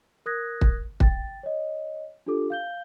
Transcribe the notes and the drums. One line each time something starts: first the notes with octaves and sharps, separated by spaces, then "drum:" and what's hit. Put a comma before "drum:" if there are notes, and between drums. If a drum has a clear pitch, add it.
A#4 D#6 F#6 G#6 A#6
drum: kick
G5 A6, drum: kick
C#5 D#5
D4 F4 G4 A4 D6
F5 G6 G7